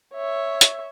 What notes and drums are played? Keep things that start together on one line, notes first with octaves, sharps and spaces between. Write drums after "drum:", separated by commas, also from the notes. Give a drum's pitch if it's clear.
C#5 E5
drum: hi-hat